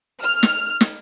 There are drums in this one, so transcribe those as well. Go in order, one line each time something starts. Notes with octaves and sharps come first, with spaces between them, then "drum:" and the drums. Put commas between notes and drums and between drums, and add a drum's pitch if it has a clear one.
F6
drum: snare
drum: snare